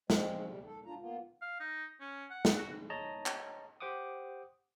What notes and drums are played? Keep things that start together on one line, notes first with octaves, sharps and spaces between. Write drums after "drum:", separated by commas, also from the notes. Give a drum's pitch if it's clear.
F3 G#3 C4, drum: snare
C3 G3
A4
D4 F4 A#5
A#3 B3 F4
F5
D#4
C#4
F#5
drum: snare
F#4
C#5 D#5 A5 A#5
drum: clap
G4 C5 F#5 D6 D#6